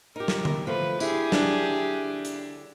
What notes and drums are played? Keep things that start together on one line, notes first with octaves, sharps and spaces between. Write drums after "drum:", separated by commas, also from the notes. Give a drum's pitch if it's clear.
D#4 G4 A#4
drum: snare
drum: tom D3
F3 A3 B4
D3 E4 G4 G#4, drum: tambourine
D4, drum: snare
drum: hi-hat